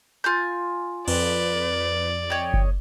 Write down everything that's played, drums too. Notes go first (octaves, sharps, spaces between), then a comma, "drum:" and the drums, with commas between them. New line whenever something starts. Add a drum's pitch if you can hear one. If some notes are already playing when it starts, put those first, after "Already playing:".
F4 G#5 G6
F2 B4 D5, drum: cymbal
C#5 D#5 G5
drum: kick F#1